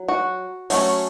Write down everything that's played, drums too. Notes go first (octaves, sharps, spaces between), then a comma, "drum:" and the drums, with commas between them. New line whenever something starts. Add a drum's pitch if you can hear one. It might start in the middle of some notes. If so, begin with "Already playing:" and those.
Already playing: F#3
F#4
F#3 A3 C#4, drum: open hi-hat